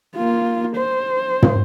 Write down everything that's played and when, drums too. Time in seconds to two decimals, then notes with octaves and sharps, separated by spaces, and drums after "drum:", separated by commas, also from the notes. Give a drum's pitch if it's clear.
0.16 A#3 F4
0.76 C5
1.43 drum: tom